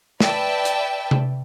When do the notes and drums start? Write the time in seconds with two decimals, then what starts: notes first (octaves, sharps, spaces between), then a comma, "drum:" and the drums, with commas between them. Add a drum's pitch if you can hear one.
0.20 B4 D5 E5 G5 A5, drum: snare
0.65 drum: hi-hat
1.11 drum: tom C3